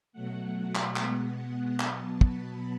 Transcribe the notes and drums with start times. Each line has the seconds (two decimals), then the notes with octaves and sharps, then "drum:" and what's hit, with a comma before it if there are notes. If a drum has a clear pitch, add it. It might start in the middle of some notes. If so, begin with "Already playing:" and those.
0.13 B2 F#3 A3 F#5
0.75 drum: clap
0.96 B2 G#3 B3, drum: clap
1.80 B2 F#3 B3 A5, drum: clap
2.21 B5, drum: kick